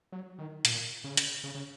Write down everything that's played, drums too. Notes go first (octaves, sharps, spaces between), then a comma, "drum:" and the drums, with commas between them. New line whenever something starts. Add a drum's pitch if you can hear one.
F#3
D#3
A#2, drum: hi-hat
C#3
drum: hi-hat
C#3
C#3